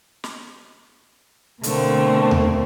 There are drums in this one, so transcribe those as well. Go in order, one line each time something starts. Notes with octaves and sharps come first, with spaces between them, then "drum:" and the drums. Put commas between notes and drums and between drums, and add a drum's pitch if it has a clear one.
drum: snare
B2 D3 A3 A#3 C4, drum: hi-hat
drum: tom D2